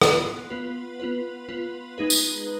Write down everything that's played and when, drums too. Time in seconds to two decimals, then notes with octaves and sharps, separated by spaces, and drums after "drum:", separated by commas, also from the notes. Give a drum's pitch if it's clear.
0.02 B3 F4 B4, drum: rim click
0.50 B3 F4 B4
1.00 B3 F4 B4
1.49 B3 F4 B4
1.98 G#3 D#4 G#4 B4
2.10 drum: tambourine